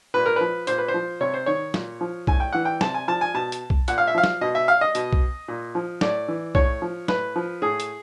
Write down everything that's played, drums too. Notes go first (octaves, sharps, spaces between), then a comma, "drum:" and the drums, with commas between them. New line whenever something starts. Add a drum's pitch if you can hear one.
A#2 B4
A#4
F3 B4
A#2 C5, drum: hi-hat
B4
C5
F3
C3 C#5
C5
D#3 C#5
A#2, drum: snare
F3
A2 G#5, drum: kick B1
G5
E3 F#5
G5
C3 A5, drum: snare
G#5
F3 A5
G#5
B2 A5
drum: hi-hat
drum: kick B1
A#2 F#5, drum: hi-hat
F5
E5
F3 F5
drum: snare
B2 D#5
E5
F5
D#5
B2, drum: hi-hat
drum: kick B1
A#2
F3
A2 D5, drum: snare
E3
A2 C#5, drum: kick B1
F3
A2 B4, drum: snare
F3
A2 G#4
drum: hi-hat